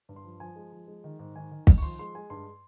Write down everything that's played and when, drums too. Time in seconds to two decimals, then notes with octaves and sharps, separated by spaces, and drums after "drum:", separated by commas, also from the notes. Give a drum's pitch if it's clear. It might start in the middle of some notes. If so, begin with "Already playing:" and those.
0.09 G2
0.16 C6
0.24 F3
0.40 F3 G#5
0.56 G#3
0.72 F3
0.88 G#3
1.04 D#3
1.19 G#2
1.36 D#3 G#5
1.51 D#3
1.67 D#3, drum: kick
1.78 C#6
1.82 F3 C6
1.99 G#3 C6
2.15 G#3 G#5
2.30 G2 C6